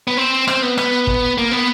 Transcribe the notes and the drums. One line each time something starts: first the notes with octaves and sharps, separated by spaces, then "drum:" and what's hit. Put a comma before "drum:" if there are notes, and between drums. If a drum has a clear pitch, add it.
B3
C4
C4, drum: rim click
B3
B3, drum: rim click
drum: kick
A#3
B3